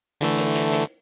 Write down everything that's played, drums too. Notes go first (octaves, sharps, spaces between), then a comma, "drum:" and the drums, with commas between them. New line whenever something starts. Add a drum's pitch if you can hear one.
D3 E3 A3, drum: hi-hat
drum: hi-hat
drum: hi-hat
drum: hi-hat